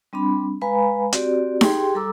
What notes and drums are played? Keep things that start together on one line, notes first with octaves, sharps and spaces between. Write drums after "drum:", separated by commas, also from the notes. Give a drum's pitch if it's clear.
G3 C4 D4 B5
G#3 B4 F5 G#5 A#5 B5
C4 F#4 G4 D5, drum: hi-hat
G4 G#4 G5 C6, drum: snare D#4
G3 A4 A#5 D6 E6